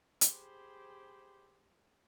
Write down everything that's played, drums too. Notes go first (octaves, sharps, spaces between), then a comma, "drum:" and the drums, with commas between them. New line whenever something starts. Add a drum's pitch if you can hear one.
G4 G#4 C5 B5, drum: hi-hat